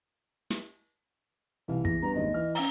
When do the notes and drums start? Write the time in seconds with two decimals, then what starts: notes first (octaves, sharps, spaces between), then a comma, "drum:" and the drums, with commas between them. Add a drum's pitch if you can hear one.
0.50 drum: snare
1.68 C2 E3 F5
1.85 E2 A#6, drum: kick
2.02 G2 B3 B4 A#5
2.15 G#1 D#2 D#5
2.34 E3 F6
2.55 C#4 A#5, drum: open hi-hat